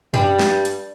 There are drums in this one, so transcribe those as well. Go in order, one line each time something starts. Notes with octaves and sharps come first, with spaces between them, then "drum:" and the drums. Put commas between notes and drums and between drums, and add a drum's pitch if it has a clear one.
G2 G3, drum: tom F#2
drum: snare
drum: hi-hat